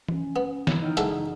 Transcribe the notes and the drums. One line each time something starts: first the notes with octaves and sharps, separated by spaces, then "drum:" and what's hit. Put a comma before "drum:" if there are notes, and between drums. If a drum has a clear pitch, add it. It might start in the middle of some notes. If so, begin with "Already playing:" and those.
C#4, drum: tom E3
B3
E3 D#4 E4, drum: snare
D#4 D#5 G5 F6
F#1 D3 G#3 E5, drum: hi-hat